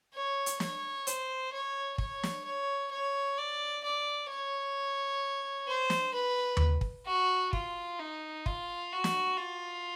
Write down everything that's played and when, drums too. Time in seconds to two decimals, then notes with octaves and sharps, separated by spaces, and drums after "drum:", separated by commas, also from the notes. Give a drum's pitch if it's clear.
0.14 C#5
0.46 drum: hi-hat
0.60 C#5, drum: snare
1.07 C5, drum: hi-hat
1.53 C#5
1.98 C#5, drum: kick
2.23 drum: snare
2.45 C#5
2.91 C#5
3.38 D5
3.84 D5
4.30 C#5
5.68 C5
5.90 drum: snare
6.14 B4
6.57 drum: tom D#2
6.81 drum: kick
7.06 F#4
7.53 F4, drum: kick
7.98 D#4
8.46 F4, drum: kick
8.92 F#4
9.04 drum: snare
9.37 F4